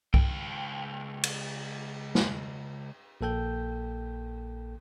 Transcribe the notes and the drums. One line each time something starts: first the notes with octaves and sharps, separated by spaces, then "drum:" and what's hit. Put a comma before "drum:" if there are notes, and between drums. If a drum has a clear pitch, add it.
C#2 G5, drum: kick C2
drum: cymbal
drum: snare
A#1 A#3 A4 G5 G6